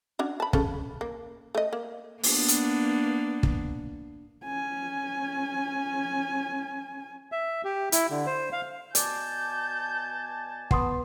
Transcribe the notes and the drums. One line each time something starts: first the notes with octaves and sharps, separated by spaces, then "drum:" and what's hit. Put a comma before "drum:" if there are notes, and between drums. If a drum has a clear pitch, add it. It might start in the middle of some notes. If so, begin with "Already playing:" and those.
C#4 D4 F#4
A5 B5
C#3 C#4 A4, drum: kick
A#3
A3 D#5
A#3
A#3 B3 D4, drum: open hi-hat
drum: hi-hat
drum: kick
C#4 G#5
E5
G4
E4, drum: hi-hat
D3
C5
F5
B2 D5 G#5 A5 G6, drum: hi-hat
B3 F#5 C6 D#6, drum: kick